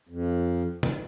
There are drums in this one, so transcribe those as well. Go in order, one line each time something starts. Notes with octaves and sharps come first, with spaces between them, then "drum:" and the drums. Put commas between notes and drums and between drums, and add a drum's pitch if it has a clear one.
F2
drum: tom C3